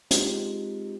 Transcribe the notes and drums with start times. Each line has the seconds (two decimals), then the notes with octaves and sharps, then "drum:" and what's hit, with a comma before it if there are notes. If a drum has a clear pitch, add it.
0.11 G#3 C4 D#4 F4 G4, drum: hi-hat